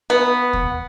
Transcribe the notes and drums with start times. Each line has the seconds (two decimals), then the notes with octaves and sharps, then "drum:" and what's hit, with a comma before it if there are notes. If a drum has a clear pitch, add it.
0.10 B3
0.53 drum: kick